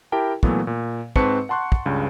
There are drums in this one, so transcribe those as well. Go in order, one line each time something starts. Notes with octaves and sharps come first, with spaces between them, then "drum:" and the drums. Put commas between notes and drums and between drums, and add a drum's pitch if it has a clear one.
E4 G4 A#4 G5 A5
A#2 E3 F#3 A3 B3, drum: kick
A#2
G#2 C4 B4 A5 C#6 C#7, drum: kick
F#5 A5 C6 C#6 F#6
drum: kick
C#2 G2 C#3